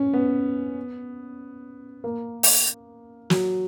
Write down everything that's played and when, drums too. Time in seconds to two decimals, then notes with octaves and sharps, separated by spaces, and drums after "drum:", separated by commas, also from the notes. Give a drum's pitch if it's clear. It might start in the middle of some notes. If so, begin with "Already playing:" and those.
Already playing: C#4
0.13 B3
2.04 A#3
2.43 drum: open hi-hat
3.30 F#3, drum: snare